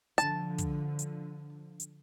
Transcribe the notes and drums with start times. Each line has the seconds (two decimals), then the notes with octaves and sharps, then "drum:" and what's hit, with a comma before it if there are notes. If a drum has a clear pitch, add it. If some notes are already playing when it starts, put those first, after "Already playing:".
0.18 D3 F3 A5, drum: hi-hat
0.58 drum: kick, hi-hat
0.99 drum: hi-hat
1.80 drum: hi-hat